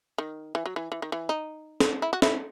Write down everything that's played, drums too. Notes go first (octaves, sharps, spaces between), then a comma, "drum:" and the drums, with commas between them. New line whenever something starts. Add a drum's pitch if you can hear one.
D#3
E3
F#3
E3
E3
D#3
E3
D#4
drum: snare
E4
F#4
E4, drum: snare